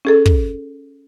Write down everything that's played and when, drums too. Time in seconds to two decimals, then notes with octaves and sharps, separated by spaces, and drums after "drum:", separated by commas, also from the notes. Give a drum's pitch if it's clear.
0.05 C#4 G#4 A4
0.26 drum: kick